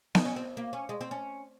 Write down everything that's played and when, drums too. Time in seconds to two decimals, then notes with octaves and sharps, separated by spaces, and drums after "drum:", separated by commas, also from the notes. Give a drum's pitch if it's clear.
0.15 D#4, drum: snare B3
0.25 C#4
0.36 C4
0.57 A#3
0.73 C#4
0.89 G#3
1.01 C4
1.11 C#4